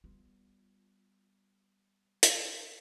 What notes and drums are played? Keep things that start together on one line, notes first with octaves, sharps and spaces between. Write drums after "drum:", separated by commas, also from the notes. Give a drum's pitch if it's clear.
G3 B3 F4
drum: hi-hat